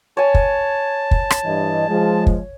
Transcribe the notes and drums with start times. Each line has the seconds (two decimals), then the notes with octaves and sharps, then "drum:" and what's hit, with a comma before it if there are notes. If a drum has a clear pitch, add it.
0.17 C#5 G#5 A5
0.34 drum: kick
1.11 drum: kick
1.30 drum: rim click
1.45 G2 E3 D#5
1.88 F3 G#3
2.27 drum: kick